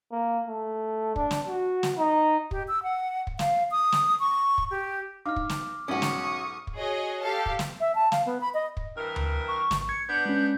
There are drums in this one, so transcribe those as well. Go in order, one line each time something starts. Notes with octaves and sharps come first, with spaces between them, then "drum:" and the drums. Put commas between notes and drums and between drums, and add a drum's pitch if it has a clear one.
A#3
A3
D4, drum: kick
drum: snare
F#4
drum: snare
D#4
G4, drum: kick
E6
F#5
drum: kick
F5, drum: snare
D#6
drum: snare
C#6
drum: kick
G4
D#4 F5 D6 F6
drum: kick
drum: snare
B1 G#2 C#4 F#4 C#6 D#6
drum: snare
drum: kick
F#4 G#4 C#5 D#5 G#5
G4 A4 F5 A5
drum: kick
drum: snare
E5
A5
F5, drum: snare
B3
B5
D#5
drum: kick
G2 E3 A#4
drum: tom D2
C#6
G#1, drum: snare
G#6 C#7
B3 D4 G6
G#3 C#4